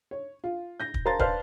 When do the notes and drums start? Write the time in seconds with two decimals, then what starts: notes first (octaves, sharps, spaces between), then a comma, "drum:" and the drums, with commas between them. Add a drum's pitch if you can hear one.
0.11 C#5
0.44 F4
0.80 G6 A#6
0.94 drum: kick
1.05 A#4 C5 F5 A5 A#5 A6
1.19 B4 C5 D5 F5 A5 F6, drum: kick